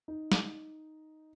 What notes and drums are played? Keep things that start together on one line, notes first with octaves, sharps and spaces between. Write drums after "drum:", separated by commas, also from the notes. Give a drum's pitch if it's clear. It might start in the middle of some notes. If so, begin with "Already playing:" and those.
D#4
drum: snare